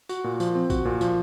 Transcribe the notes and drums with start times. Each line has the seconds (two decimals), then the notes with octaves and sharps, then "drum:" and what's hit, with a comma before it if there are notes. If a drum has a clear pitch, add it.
0.09 F#4, drum: tambourine
0.24 A#2
0.40 F3, drum: tambourine
0.55 C4
0.70 F#4, drum: kick A#1, tambourine
0.85 A#2
1.01 F3, drum: tambourine